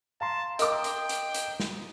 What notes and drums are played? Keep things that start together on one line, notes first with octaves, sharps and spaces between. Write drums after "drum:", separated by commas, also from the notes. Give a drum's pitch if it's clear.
F5 A5 A#5 C6
A#4 D#5 G5 D6, drum: hi-hat
drum: hi-hat
drum: hi-hat
drum: hi-hat
drum: snare